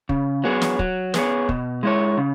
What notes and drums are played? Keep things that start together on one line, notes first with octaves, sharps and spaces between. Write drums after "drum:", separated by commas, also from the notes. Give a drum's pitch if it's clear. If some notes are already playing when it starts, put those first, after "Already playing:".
C#3, drum: kick
F#3 B3 G#4 C#5
drum: snare
F#3, drum: kick
B3 G#4 C#5, drum: snare
B2, drum: kick
G#3 E4 C#5
C#3